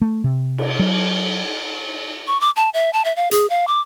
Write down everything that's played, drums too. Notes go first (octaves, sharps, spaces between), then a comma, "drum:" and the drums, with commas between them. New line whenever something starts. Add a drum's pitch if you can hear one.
A3
C3
drum: cymbal
F#3
C#6
D6
A5
E5
A5
E5
F5
G#4, drum: hi-hat
F5
D6